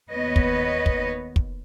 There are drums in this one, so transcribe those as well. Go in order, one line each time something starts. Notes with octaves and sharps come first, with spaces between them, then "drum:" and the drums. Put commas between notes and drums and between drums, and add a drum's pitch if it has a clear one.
D#2 B3 B4 C#5 D#5
drum: kick
drum: kick
drum: kick